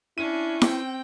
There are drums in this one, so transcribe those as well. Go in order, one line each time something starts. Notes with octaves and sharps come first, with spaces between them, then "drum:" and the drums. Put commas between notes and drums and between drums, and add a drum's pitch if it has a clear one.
C#4 D4 E4 D#7
C4 G5, drum: snare E4